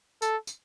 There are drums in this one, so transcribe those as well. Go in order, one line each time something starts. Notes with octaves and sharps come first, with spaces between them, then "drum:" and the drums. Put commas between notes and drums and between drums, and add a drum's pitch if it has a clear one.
A4, drum: tambourine
drum: tambourine